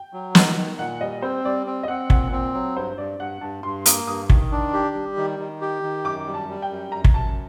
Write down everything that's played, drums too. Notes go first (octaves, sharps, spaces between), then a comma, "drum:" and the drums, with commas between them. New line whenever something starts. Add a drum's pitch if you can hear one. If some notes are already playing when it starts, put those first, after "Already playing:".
Already playing: G5
F#3
D#3 F#5, drum: snare
D#3
A#2 F#5
G3 D#5
C4 C5
G3 D5
C4
D#5
C4 F#5
A#2 F#5, drum: kick
C4
F#3
G2 C5
G2 D5
G2 F#5
G2 A5
G2 C6
A#3 D#6, drum: hi-hat
G2 D#6
D#3, drum: kick
D4
G4
G3
D#3
D#3
G4
D#3
F#2 D6
G3
A5
G3
G5
F#2
F#2 A#5
drum: kick
F#2 A5